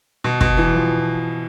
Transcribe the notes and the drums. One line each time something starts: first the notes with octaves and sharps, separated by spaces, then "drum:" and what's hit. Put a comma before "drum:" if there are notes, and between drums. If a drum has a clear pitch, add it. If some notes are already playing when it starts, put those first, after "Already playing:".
B2
B2, drum: kick
E3
F3